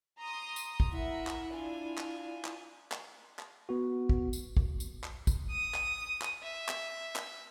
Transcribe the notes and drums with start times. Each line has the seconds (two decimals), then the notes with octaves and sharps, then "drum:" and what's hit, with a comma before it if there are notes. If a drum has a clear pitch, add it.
0.19 A#5 C6 D#6
0.56 drum: tambourine
0.80 drum: kick
0.92 E4 A#4 E5 F#5
1.27 drum: clap
1.54 D4 F4 G#5
1.98 drum: clap
2.45 drum: clap
2.92 drum: clap
3.39 drum: clap
3.69 B3 F#4
4.09 drum: kick
4.33 drum: tambourine
4.57 drum: kick
4.80 drum: tambourine
5.04 drum: clap
5.27 drum: kick, tambourine
5.51 D#6
5.74 drum: clap
6.21 drum: clap
6.43 E5
6.69 drum: clap
7.16 drum: clap